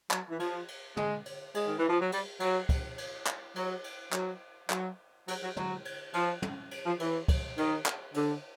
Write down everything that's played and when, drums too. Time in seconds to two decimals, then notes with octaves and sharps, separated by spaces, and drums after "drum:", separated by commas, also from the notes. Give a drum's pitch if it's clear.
0.11 F#3, drum: clap
0.30 E3
0.40 F3, drum: cymbal
0.68 drum: cymbal
0.97 G#3, drum: tom
1.26 drum: cymbal
1.54 G#3, drum: cymbal
1.66 D#3
1.78 E3
1.89 F3
2.01 F#3
2.12 G3, drum: cymbal
2.40 F#3, drum: cymbal
2.69 drum: kick, cymbal
2.98 drum: cymbal
3.26 drum: clap
3.56 F#3, drum: cymbal
3.84 drum: cymbal
4.13 F#3, drum: clap
4.70 F#3, drum: clap
5.28 F#3, drum: cymbal
5.42 F#3
5.57 F#3, drum: tom
5.85 drum: cymbal
6.13 F3, drum: cymbal
6.42 drum: tom
6.71 drum: cymbal
6.86 F3
7.00 E3, drum: cymbal
7.28 drum: kick, cymbal
7.57 D#3, drum: cymbal
7.86 drum: clap
8.14 D3, drum: cymbal